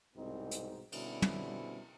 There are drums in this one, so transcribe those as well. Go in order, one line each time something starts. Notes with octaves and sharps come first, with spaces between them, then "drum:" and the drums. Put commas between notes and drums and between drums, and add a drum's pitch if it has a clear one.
C2 G#2 B2 C4 D#4
drum: hi-hat
B2 D3 G3 C4 C#4 E4, drum: cymbal
drum: tom